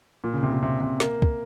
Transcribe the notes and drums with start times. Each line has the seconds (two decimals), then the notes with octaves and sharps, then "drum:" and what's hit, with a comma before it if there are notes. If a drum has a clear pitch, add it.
0.24 A#2
0.33 C#3
0.43 C3
0.52 A#2
0.62 C3
0.80 C3
1.00 A#3, drum: snare
1.22 drum: kick